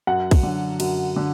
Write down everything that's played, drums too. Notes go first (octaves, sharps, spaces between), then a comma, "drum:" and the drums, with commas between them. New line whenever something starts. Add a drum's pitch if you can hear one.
F#2 F#5
drum: kick, cymbal
D3 F#3
F#2, drum: cymbal
D3